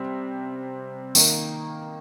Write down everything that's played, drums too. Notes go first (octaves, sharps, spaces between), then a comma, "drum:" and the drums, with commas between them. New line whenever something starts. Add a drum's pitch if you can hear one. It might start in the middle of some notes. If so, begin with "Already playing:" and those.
Already playing: C3 G3 C4
D#3 A#3 D#4 A#4, drum: tambourine